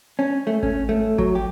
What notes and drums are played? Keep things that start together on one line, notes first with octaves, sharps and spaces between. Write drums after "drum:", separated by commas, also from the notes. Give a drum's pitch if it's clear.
C#4
A3
C#4, drum: kick G#1
A3
F#3, drum: kick G#1
G4